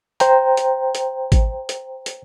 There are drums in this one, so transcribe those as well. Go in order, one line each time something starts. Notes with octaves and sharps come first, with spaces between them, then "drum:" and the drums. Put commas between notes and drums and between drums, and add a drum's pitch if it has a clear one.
C5 G5 A#5, drum: hi-hat
drum: hi-hat
drum: hi-hat
drum: kick G#1, hi-hat
drum: hi-hat
drum: hi-hat